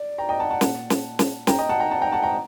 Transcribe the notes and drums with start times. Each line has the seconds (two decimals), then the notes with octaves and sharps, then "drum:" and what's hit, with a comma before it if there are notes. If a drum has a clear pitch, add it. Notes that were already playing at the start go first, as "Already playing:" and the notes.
Already playing: D5
0.18 G5 A#5
0.29 D#5 G5
0.40 F#5 A5
0.50 F#5 A5
0.61 A#2, drum: snare
0.90 drum: snare
1.19 drum: snare
1.47 G5 A#5, drum: snare
1.58 D#5 G5
1.69 F#5 A5
1.80 G5 A#5
1.91 F#5 A5
2.02 G5 A#5
2.12 F#5 A5
2.23 G5 A#5